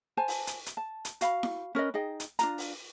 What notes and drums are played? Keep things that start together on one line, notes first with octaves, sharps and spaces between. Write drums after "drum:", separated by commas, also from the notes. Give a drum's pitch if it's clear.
C5 G#5 A5
drum: open hi-hat
drum: hi-hat
drum: hi-hat
A5
drum: hi-hat
F#4 F5 B5, drum: hi-hat
drum: snare E4
C#4 A#4 B4 D#5
D#4 G#4 D#5 G5
drum: hi-hat
D4 F4 A#5, drum: hi-hat
drum: open hi-hat